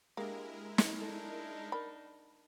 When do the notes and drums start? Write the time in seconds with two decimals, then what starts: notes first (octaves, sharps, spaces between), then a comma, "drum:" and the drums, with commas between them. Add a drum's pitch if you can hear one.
0.17 G#3 A#3 D4 E4 G4 G#4 A#4
0.78 drum: snare
1.00 D4 D#4 A4
1.72 A#4 D5 B5